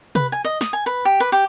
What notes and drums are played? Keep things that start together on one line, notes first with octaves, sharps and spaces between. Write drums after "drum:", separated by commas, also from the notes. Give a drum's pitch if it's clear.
B4, drum: tom C3
G#5
D#5
D#6, drum: snare
G#5
B4
G4
B4
G4